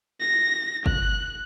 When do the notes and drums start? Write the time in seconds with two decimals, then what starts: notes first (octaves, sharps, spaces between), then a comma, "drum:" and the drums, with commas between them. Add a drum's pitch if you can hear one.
0.20 A#6
0.86 F#6, drum: kick F#1